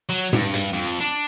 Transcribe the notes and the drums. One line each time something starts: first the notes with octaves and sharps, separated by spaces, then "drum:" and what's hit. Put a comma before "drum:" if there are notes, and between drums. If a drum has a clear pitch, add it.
F#3
G2, drum: tom G#2
drum: hi-hat
F2
D4